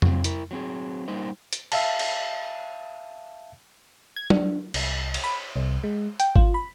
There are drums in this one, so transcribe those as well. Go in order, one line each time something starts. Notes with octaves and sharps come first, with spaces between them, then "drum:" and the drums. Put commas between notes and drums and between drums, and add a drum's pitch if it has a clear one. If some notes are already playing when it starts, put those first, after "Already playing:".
F#3 C4, drum: tom F2
E4 A#4, drum: hi-hat
F#3 C4 G#4
G3 A#3 D#4 C5 D#5
drum: hi-hat
E5 F5 A5, drum: cymbal
drum: cymbal
G#6
D4, drum: tom
C2, drum: cymbal
drum: cymbal
B5
C2
G#3
G5, drum: hi-hat
F4, drum: kick G#1
B5